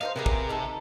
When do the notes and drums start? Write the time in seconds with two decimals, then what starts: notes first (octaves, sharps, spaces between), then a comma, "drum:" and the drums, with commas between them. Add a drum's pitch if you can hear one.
0.01 D#4 A#4 C5 F5
0.16 C3 G#4 A#4 B4
0.26 drum: kick
0.49 D#4 A4